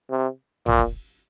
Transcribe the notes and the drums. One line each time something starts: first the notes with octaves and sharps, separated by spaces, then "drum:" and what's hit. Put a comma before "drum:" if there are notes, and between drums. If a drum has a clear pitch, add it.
C3
A#2, drum: tom A#1
drum: kick